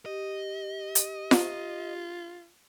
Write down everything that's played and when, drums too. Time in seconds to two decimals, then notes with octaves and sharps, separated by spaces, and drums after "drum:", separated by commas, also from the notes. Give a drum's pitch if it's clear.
0.06 G4 D#5
0.95 drum: hi-hat
1.31 F4, drum: snare F4